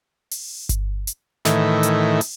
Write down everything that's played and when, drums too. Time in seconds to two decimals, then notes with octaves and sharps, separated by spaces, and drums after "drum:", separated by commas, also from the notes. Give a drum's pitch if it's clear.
0.31 drum: open hi-hat
0.69 drum: kick G1, hi-hat
1.07 drum: hi-hat
1.45 A2 D#3 E3, drum: snare
1.83 drum: hi-hat
2.21 drum: open hi-hat